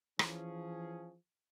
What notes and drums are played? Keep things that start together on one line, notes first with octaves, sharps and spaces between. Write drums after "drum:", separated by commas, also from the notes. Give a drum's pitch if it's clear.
E3 F3 C#4 G#4, drum: rim click